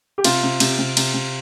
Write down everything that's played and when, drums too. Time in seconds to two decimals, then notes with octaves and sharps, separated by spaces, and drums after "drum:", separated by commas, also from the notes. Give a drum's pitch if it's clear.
0.18 G4
0.24 C3 F4, drum: cymbal
0.43 C3
0.60 C3, drum: cymbal
0.78 C3
0.97 C3, drum: cymbal
1.14 C3